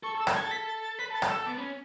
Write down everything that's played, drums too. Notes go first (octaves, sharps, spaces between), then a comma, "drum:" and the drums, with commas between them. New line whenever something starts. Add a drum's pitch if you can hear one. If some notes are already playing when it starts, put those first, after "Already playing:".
A4 C#6
A4
E6
A4, drum: rim click
G#6
A4
A6
A4 B6
A6
A6
B4 B6
A4
A6
A4, drum: rim click
E6
A4
B3 D6
C#4